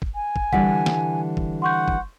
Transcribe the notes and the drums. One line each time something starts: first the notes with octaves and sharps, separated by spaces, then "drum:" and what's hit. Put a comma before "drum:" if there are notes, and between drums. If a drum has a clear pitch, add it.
drum: kick
G#5
drum: kick
D3 E3 G3 F#5 B6, drum: kick
drum: snare
drum: kick
F#5 C6 C#6 G6
drum: kick